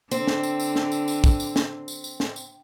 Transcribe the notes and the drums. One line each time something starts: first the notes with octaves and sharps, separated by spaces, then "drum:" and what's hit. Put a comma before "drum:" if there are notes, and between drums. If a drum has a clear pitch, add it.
D3 C4, drum: tambourine
drum: snare
drum: tambourine
drum: tambourine
drum: snare
drum: tambourine
drum: tambourine
drum: kick, tambourine
drum: tambourine
drum: snare
drum: tambourine
drum: tambourine
drum: snare
drum: tambourine